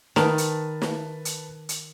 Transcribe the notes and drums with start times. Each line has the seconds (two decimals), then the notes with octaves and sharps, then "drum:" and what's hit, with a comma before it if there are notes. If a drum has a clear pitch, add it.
0.16 D#3 B4 A5, drum: snare
0.38 drum: hi-hat
0.82 drum: snare
1.25 drum: hi-hat
1.69 drum: hi-hat